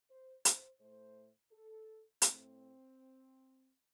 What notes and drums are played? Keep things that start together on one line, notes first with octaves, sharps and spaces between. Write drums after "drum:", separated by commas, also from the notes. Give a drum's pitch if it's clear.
C5
C5, drum: hi-hat
A2 A3 C5
A4
A2 A3 C4, drum: hi-hat